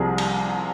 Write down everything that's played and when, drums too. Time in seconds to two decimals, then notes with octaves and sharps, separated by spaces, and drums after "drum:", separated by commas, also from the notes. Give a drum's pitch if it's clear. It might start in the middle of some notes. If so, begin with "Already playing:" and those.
Already playing: C2 C3 F3 G#4
0.18 drum: cymbal